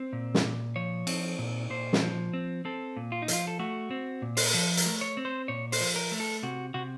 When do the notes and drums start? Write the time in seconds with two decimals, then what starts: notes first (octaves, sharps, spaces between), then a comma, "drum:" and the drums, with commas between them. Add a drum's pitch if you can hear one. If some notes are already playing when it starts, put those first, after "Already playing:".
Already playing: C4
0.13 A#2
0.34 drum: snare
0.44 A#2
0.76 F3 C#5
1.07 C4, drum: cymbal
1.39 A#2
1.70 A#2 C5
1.93 drum: snare
2.02 F3
2.33 C4
2.65 C4 A4
2.97 A#2
3.12 F4
3.22 D#4
3.28 F3 F4, drum: hi-hat
3.47 A4
3.59 A3 F#4
3.91 C4
4.22 A#2
4.37 C5, drum: open hi-hat
4.46 A#4
4.53 F3 A4
4.77 A#4, drum: hi-hat
4.86 A3
5.01 C#5
5.17 C4
5.25 C5
5.48 A#2 C#5
5.72 C5, drum: open hi-hat
5.80 F3
5.96 A#4
6.12 A3
6.20 A4
6.43 C3 F#4
6.74 C3 F#4